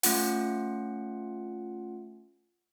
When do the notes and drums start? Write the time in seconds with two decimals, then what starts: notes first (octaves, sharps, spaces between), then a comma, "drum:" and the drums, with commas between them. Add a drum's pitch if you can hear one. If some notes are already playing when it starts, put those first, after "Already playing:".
0.03 A3 C#4 F4 F#5, drum: open hi-hat